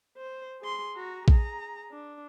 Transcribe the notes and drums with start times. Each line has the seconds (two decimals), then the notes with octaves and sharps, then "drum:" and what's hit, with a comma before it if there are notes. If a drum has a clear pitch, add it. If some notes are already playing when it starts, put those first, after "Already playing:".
0.17 C5
0.61 G#4 C6
0.96 F#4 A#5
1.28 G#4 A#5, drum: kick A#1
1.92 D4